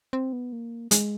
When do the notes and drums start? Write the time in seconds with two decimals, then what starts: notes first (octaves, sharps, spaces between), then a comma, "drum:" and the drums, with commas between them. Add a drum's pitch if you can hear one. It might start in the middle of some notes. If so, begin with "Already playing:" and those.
0.13 C4
0.33 B3
0.53 A#3
0.91 G#3, drum: hi-hat